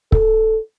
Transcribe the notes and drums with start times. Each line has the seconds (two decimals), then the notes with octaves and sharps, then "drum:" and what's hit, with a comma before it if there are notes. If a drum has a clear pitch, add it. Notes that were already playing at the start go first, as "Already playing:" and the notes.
0.12 A4, drum: kick C#1